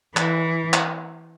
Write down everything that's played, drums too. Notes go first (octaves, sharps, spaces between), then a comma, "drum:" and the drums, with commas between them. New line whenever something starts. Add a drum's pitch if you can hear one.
E3, drum: clap
drum: clap